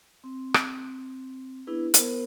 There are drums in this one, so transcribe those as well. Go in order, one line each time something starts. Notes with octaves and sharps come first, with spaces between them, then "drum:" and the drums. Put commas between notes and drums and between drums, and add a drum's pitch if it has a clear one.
C4
drum: rim click
B3 D4 E4 G#4 B4
B3 A#4 C5, drum: hi-hat